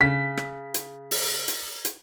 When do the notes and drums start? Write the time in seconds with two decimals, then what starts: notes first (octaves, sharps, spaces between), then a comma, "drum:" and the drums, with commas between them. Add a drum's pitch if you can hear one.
0.01 C#3 B6
0.37 drum: rim click
0.74 drum: hi-hat
1.11 drum: open hi-hat
1.48 drum: hi-hat
1.85 drum: hi-hat